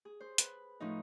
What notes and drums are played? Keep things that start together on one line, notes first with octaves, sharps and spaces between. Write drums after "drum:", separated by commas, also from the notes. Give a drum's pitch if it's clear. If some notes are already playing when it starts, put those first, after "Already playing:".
G#4
C5
B4, drum: hi-hat
A2 F3 C#4 D#4